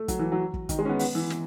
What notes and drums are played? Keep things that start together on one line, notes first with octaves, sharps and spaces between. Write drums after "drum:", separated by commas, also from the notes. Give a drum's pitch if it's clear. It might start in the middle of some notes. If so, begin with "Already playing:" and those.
Already playing: A3
F#3, drum: kick, hi-hat
E3
F#3
drum: kick
D#3, drum: kick, hi-hat
G#3
C#4
B3
B3, drum: open hi-hat
E3
drum: snare